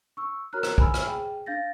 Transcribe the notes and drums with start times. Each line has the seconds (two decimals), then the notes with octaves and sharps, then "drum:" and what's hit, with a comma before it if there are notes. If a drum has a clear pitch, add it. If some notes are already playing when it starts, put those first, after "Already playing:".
0.17 C#6 E6
0.53 F#4 A#4 C#5 A#5 F6 F#6
0.63 drum: rim click
0.78 G#5 B5 E6, drum: kick
0.94 drum: rim click
1.05 G#4 G5
1.46 D4 F5 G6 A6 A#6